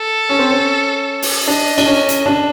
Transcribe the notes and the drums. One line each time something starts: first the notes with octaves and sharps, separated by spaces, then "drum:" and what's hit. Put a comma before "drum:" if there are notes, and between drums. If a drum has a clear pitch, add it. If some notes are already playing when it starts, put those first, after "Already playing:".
Already playing: A4
C#4
C4
C#4
drum: open hi-hat
D4 D#5
D4, drum: cymbal
C#4
drum: hi-hat
D4